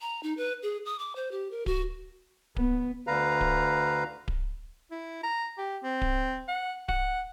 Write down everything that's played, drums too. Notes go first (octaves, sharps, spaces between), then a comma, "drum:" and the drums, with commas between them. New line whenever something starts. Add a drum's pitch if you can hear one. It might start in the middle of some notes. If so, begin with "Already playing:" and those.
A#5
D#4
B4
G#4
D#6
D6
C5
G4
A#4
F#4, drum: kick D1
B3, drum: kick D1
D2 D3 B4 F5 A#5
drum: kick D1
drum: kick D1
E4
A#5
G4
C4
drum: kick D1
F#5
F#5, drum: kick D1